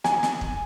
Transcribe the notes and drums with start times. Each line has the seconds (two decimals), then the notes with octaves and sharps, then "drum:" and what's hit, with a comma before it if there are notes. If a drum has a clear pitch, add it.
0.04 G#5, drum: snare
0.23 drum: snare
0.41 drum: kick